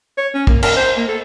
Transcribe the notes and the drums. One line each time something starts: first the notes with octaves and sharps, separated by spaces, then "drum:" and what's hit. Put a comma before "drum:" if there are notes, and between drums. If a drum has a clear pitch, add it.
C#5
C#4
A#3, drum: kick
A#4, drum: cymbal
C5
A#3
A4